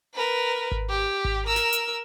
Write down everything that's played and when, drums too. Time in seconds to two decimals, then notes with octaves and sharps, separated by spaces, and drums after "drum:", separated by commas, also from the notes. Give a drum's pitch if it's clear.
0.14 A#4 B4
0.72 drum: kick G#1
0.89 G4
1.25 drum: kick G#1
1.47 A#4 E6
1.56 drum: snare
1.73 drum: hi-hat